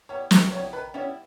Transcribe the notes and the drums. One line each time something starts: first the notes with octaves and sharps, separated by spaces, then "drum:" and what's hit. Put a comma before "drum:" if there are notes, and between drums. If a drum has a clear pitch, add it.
G3 B3 E4 C#5
D#3, drum: snare
G3 B3 E4 C#5
D#3 B4
G3 B3 C#4 E4